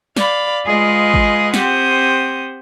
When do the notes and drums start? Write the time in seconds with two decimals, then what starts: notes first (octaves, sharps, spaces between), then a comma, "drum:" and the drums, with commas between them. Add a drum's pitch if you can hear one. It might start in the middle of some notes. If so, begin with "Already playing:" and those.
0.17 D5 F5 B5, drum: snare
0.66 G#3 F4 G#4 B4 D#5 F5
1.14 drum: kick G#1
1.54 C4 G4 C5 F#5 D#6, drum: snare